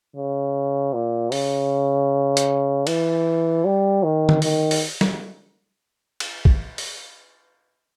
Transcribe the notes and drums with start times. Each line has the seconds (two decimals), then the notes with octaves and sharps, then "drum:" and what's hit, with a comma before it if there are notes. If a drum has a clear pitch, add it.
0.16 C#3
0.93 A#2
1.32 C#3, drum: open hi-hat
2.37 drum: hi-hat
2.87 E3, drum: cymbal
3.65 G3
4.04 D#3
4.29 drum: tom D3
4.42 D#3, drum: open hi-hat
4.71 drum: open hi-hat
5.01 drum: snare
6.20 drum: cymbal
6.45 drum: kick
6.78 drum: open hi-hat